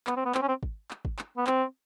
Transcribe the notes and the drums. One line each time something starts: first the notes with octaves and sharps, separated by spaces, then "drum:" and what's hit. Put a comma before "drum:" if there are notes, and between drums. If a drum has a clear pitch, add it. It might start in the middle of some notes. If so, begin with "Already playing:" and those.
B3, drum: clap
C4
B3
C4, drum: clap
C#4
C4
drum: kick G#1
drum: clap
drum: kick G#1
drum: clap
B3
C4, drum: clap